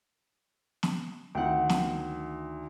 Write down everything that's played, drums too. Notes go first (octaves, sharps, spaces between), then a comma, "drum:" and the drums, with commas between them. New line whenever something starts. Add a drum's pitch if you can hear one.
drum: snare
D2 D#3 F#5 G5
drum: snare